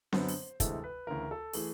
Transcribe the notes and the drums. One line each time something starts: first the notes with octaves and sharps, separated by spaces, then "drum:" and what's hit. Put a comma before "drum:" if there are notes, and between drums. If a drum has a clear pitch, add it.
F#2 D3 F#3 B3 C5, drum: snare C4
drum: open hi-hat
D2 C3 E3 G#3 A4, drum: kick, hi-hat
B4
D2 C#3 E3 A#4
A4
E3 A3 G#4, drum: open hi-hat